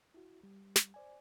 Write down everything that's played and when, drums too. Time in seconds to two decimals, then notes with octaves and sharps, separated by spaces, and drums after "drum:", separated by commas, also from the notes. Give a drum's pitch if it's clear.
0.14 E4 F#4
0.43 G3
0.76 drum: snare
0.94 C5 D5 G#5